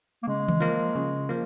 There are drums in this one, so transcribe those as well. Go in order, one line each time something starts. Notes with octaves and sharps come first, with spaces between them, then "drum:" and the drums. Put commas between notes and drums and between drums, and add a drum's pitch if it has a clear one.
A#3
C#3 G#3
drum: tom D#3
F3 A#3
C#3
F3 A#3